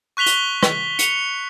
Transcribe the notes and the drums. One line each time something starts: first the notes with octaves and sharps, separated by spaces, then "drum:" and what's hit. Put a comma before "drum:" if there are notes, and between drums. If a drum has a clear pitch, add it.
C#6 F#6 B6 F7 G7
drum: hi-hat
drum: rim click
C#7 F7, drum: hi-hat